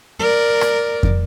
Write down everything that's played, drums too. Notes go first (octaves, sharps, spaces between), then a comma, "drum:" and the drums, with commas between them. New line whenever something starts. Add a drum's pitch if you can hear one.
A#4 D5
drum: rim click
drum: kick F2